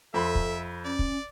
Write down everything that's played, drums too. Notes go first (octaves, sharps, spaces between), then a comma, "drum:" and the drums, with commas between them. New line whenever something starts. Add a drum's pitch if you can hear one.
F2 A4 E5 B5 C6
drum: kick
C#4 D5
drum: kick